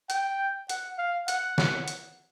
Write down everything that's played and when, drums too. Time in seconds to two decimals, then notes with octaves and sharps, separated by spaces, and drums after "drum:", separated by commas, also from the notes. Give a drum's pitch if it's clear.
0.10 G5, drum: hi-hat
0.69 F#5, drum: hi-hat
0.98 F5
1.28 F#5, drum: hi-hat
1.58 drum: snare
1.88 drum: hi-hat